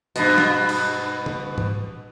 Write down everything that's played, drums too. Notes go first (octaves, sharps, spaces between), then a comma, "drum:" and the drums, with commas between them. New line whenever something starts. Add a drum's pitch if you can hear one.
G2 B2, drum: hi-hat
drum: snare
drum: cymbal
drum: tom
drum: tom G#2